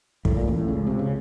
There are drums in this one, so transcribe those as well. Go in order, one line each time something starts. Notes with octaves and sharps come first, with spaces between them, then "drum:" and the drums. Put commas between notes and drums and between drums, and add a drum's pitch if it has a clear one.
A2, drum: kick
A#2
A1 A2
C#2 C#3
C3
C#3